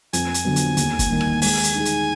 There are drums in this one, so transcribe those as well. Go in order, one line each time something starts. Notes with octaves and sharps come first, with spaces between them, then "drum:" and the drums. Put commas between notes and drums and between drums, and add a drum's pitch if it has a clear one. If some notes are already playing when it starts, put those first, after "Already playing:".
F2 G#5, drum: hi-hat
drum: hi-hat
D3 F#3 B3
drum: hi-hat
D#2, drum: hi-hat
drum: kick, hi-hat
D#3 A#3
drum: rim click
G#3 G#5, drum: open hi-hat
drum: hi-hat
D#4 G#4
drum: hi-hat